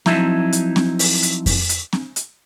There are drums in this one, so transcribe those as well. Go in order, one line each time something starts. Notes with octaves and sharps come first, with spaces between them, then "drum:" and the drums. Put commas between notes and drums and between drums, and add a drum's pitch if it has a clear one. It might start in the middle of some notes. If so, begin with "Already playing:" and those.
F3 F#3 C4 D#4 E4 E5, drum: snare C4
drum: hi-hat
drum: snare C4
drum: open hi-hat
drum: hi-hat
drum: kick F2, open hi-hat
drum: hi-hat
drum: snare C4
drum: hi-hat